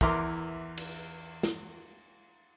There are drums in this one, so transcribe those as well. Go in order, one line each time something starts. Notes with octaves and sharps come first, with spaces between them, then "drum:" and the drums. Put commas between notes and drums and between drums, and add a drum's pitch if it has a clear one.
E2 E3 A#4 E5 C6 D6, drum: kick
drum: cymbal
drum: snare